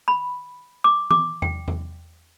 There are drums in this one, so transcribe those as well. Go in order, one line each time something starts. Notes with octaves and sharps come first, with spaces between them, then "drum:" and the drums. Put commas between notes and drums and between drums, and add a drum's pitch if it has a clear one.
B5
D6
D6, drum: tom E3
G5, drum: tom E2
drum: tom E2